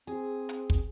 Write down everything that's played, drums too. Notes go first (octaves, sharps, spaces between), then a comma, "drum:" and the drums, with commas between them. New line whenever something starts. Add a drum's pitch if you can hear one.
C4 G#4
drum: hi-hat
drum: kick